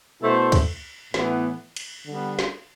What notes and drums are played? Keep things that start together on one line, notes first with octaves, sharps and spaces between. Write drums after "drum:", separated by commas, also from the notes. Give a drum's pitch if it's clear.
B2 A3 E4 A4 C5
drum: kick, cymbal
A2 E3 B3, drum: snare
drum: cymbal
D3 G3 B3
drum: snare